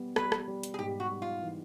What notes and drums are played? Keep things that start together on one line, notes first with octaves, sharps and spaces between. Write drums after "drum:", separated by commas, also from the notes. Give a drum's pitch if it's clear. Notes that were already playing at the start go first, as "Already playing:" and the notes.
Already playing: G3 B3
G3 B4, drum: rim click
drum: rim click
G3
drum: hi-hat
G#4
G#2 G4
F#4
G3
F4
E3